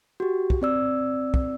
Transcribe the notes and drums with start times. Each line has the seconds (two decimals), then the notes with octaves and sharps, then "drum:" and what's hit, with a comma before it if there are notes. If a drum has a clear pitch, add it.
0.20 F#4 G4
0.50 drum: kick
0.62 C4 D5 E6
1.34 drum: kick